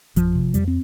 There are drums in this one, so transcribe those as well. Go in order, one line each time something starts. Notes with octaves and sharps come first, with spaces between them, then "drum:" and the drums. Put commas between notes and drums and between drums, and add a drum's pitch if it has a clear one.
F2 F3, drum: kick G#1, hi-hat
C3
F2 G3, drum: hi-hat
C4